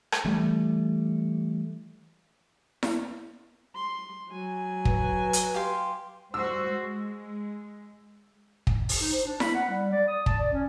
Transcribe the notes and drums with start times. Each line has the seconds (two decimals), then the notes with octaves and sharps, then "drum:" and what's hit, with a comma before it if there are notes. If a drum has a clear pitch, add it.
0.12 drum: rim click
0.25 E3 G3 A3
2.83 drum: snare E4
3.75 C6
4.29 F#3 G#5
4.85 B4, drum: kick
5.33 drum: hi-hat
5.54 G4 F5 C6
6.34 G3 F#4 C5 E6
6.70 G#3
8.67 drum: kick
8.89 drum: open hi-hat
9.01 D#4
9.13 C5
9.26 D4
9.40 B5, drum: snare E4
9.55 F#5
9.69 G3
9.92 D5
10.08 D#6
10.26 A5, drum: kick
10.39 D5
10.52 C#4